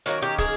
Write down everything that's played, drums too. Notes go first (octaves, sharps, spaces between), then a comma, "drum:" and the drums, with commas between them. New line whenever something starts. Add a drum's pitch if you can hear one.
D#3 F#3 A#3 C#4 F#4, drum: hi-hat
G4
G#4, drum: kick, open hi-hat